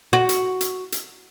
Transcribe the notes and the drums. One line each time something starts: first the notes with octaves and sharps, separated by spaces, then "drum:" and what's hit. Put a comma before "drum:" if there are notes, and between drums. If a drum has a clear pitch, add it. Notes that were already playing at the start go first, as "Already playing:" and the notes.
F#4
drum: hi-hat
drum: hi-hat
drum: hi-hat